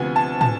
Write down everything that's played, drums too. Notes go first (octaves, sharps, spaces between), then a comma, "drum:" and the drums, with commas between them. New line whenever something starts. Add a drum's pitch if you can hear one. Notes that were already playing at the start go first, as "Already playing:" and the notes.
Already playing: D2 C3 F3 B3 G#5
A5
A5, drum: tom